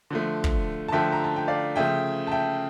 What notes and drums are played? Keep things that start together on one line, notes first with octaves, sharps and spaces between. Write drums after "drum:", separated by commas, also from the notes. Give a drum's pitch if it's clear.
D3 F3 A3
drum: kick
A5
D3 F3 A3 E5 G5
A#5
A5
G5
D5 F5
C#3 F3 A3 E5 G5
A5
E5 G5